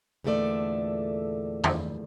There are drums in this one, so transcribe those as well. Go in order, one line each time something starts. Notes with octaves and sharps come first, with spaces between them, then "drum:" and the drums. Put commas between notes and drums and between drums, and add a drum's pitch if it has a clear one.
E2 A#2 D3 A3 A4 D5
drum: tom